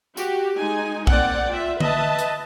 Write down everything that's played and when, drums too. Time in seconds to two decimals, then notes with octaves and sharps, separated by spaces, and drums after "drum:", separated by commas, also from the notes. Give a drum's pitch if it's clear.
0.17 F#4 G4, drum: tambourine
0.56 G#3 D#4 G#5
1.07 A#3 C4 D5 F#5 G5, drum: kick A#1
1.49 F4 E5
1.80 B4 D#5 E5 A5, drum: tom D3
2.19 drum: hi-hat